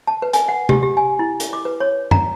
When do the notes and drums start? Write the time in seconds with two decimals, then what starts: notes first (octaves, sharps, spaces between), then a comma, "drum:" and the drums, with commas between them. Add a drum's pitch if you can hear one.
0.07 A5
0.22 B4
0.33 G#5, drum: hi-hat
0.48 F#5
0.69 G4, drum: tom
0.83 G4
0.97 G#5
1.19 E4
1.40 drum: hi-hat
1.53 D6
1.65 B4
1.80 C#5
2.11 A#5, drum: tom F#2